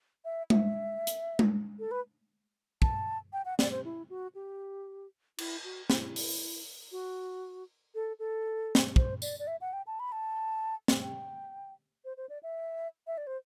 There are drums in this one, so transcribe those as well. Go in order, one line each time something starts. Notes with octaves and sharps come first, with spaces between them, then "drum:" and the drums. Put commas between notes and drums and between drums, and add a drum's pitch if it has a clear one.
E5
E5, drum: tom G#3
drum: hi-hat
drum: tom G#3
A4
B4
A5, drum: kick
G5
F#5
D5, drum: snare
C5
E4
F#4
G4
E4, drum: cymbal
F#4
E4, drum: snare
drum: open hi-hat
F#4
A4
A4
drum: snare
C5, drum: kick
D5, drum: tambourine
D5
E5
F#5
G5
A5
B5
A5
drum: snare
G5
C5
C5
D5
E5
E5
D5
C5